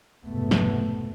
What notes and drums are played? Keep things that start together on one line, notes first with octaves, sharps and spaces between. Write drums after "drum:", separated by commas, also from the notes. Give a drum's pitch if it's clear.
F1 B1 G#2 A3 B3
drum: snare